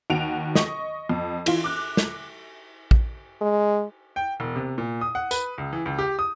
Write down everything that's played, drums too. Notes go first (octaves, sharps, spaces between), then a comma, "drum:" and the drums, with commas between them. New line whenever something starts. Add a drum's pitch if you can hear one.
D#2 F#4 D7 F7
D#5 C#6, drum: snare
F2
E3 F4, drum: cymbal
D6 F#6
drum: snare
drum: kick
G#3
G5
E1
C3
A#2
D#6
F#5
B4, drum: tambourine
C#2
E3
C#2
G4
D#6